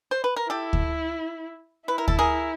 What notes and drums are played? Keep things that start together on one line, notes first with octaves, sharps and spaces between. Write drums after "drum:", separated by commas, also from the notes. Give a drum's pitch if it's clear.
C5
B4
A#4
E4 G4 A4
drum: kick D2
E4 B4
A#4
A4, drum: kick D2
G#4 A#4